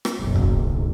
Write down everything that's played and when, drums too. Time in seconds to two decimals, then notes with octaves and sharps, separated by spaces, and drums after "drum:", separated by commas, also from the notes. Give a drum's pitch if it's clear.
0.05 drum: rim click
0.19 F#1 B1
0.35 drum: kick C#1